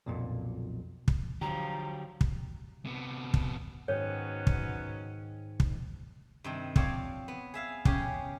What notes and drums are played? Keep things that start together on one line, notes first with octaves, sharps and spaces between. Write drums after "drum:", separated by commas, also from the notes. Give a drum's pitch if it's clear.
B1 F2 A#2
drum: kick
D3 F3 F#3 G4 A#5
drum: kick
C3 B3
drum: kick
G#2 D#3 F#3 B3 C#4 C#5
drum: kick
drum: kick
G2 C3 D#3
F3 C4 C#5 D5 F5, drum: kick
B3
G#4 E5 F5
C#3 C#4 G4 G#4, drum: kick